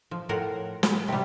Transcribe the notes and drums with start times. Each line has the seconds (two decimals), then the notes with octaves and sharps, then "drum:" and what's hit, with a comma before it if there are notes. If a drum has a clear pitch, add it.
0.11 F3
0.29 A2 F4 A#4 F#5
0.83 drum: snare
1.08 C3 G3